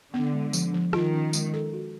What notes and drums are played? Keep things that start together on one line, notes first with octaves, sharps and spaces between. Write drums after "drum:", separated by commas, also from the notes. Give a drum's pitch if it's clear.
D3 B3
G#3
F3, drum: tambourine
F3
D#3 F4, drum: rim click
C#4
G#3, drum: tambourine
A4
F#4